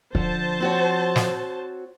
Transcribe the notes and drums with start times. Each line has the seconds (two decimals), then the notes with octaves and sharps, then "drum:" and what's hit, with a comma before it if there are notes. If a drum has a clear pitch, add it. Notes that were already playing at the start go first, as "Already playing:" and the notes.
0.15 D3 F3 C5 A5, drum: kick
0.60 C4 F#4 C#5
1.16 drum: snare